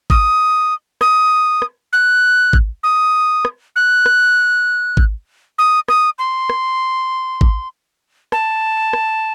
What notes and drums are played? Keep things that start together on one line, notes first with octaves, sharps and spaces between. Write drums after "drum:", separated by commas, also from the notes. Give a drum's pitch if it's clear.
D#6, drum: kick
D#6, drum: rim click
drum: rim click
F#6
drum: kick
D#6
drum: rim click
F#6
drum: rim click
drum: kick
D#6
D#6, drum: rim click
C6
drum: rim click
drum: kick
A5, drum: rim click
drum: rim click